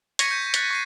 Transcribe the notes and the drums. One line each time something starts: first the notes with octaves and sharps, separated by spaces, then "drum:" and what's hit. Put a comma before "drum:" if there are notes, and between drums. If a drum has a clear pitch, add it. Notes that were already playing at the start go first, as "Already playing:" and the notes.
C#6 G#6 A#6 B6 C#7 D#7, drum: hi-hat
G6 B6
F#6 A6 B6, drum: hi-hat
C#6 C7 D#7